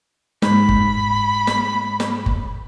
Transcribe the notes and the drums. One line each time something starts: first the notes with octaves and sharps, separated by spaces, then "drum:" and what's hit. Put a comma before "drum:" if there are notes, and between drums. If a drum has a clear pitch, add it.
G#2 B5, drum: snare
drum: kick F#1
drum: snare
drum: snare
drum: kick F#1